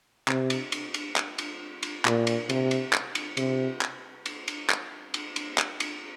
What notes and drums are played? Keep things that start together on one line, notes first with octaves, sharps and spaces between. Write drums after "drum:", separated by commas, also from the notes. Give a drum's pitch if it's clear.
C3, drum: clap
drum: cymbal
drum: cymbal
drum: cymbal
drum: clap
drum: cymbal
drum: cymbal
A#2, drum: clap
drum: cymbal
C3, drum: cymbal
drum: cymbal
drum: clap
drum: cymbal
C3, drum: cymbal
drum: clap
drum: cymbal
drum: cymbal
drum: clap
drum: cymbal
drum: cymbal
drum: clap
drum: cymbal